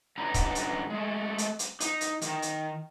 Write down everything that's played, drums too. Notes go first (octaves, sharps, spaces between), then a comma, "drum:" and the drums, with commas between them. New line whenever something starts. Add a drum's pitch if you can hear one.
G2 D3 B3 C#4 D#4 A#5
drum: kick C#1, hi-hat
drum: hi-hat
G#3 A3
drum: hi-hat
drum: hi-hat
D#4, drum: hi-hat
drum: hi-hat
D#3, drum: hi-hat
drum: hi-hat